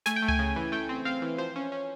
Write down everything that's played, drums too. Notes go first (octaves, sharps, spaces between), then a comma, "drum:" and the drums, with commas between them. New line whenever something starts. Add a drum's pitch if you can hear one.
A3 G#5, drum: snare
G5
A3
G#5, drum: tom C#2
C#3
E3
A3 G5
C4
C4 F5
E3
F3 C5
C#4
C#4